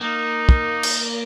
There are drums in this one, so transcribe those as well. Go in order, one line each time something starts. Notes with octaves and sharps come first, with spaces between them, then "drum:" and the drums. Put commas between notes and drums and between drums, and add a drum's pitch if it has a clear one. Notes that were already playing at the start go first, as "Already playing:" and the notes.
A#3 D#4
drum: kick
drum: cymbal